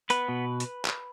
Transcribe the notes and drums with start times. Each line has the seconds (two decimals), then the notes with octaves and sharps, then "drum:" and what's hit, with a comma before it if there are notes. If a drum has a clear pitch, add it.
0.10 B3 B4, drum: hi-hat
0.29 B2
0.60 drum: hi-hat
0.85 drum: clap